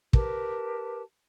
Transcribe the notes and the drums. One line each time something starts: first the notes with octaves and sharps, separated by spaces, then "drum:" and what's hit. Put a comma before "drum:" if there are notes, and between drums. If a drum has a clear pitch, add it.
G4 A#4 B4 A5, drum: kick